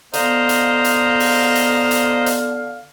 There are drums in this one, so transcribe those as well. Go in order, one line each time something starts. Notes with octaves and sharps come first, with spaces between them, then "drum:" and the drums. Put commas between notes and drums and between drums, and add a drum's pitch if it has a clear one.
D3 B3 C5 D#5 F5 A#5, drum: hi-hat
drum: hi-hat
drum: hi-hat
drum: open hi-hat
drum: hi-hat
drum: hi-hat
drum: hi-hat